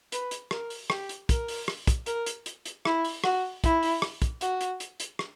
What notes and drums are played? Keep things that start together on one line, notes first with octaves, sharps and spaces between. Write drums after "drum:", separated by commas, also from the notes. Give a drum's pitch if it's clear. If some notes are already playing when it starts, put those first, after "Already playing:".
B4, drum: hi-hat
drum: hi-hat
A#4, drum: rim click
drum: open hi-hat
G4, drum: rim click
drum: hi-hat
A#4, drum: kick, hi-hat
drum: open hi-hat
drum: rim click
drum: kick, hi-hat
A#4, drum: hi-hat
drum: hi-hat
drum: hi-hat
drum: hi-hat
E4, drum: rim click
drum: open hi-hat
F#4, drum: rim click
E4, drum: kick, hi-hat
drum: open hi-hat
drum: rim click
drum: kick, hi-hat
F#4, drum: hi-hat
drum: hi-hat
drum: hi-hat
drum: hi-hat
drum: rim click